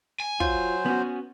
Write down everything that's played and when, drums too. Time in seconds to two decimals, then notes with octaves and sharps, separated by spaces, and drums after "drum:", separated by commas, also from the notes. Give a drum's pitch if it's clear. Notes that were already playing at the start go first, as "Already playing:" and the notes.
0.20 G#5
0.40 F#3 F4 C5, drum: kick
0.86 B3 C#4 F#4